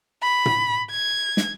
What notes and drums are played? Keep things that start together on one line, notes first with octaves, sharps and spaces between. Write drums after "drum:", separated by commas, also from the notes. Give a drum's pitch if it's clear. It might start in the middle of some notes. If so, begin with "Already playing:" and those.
B5
drum: tom
G#6
drum: snare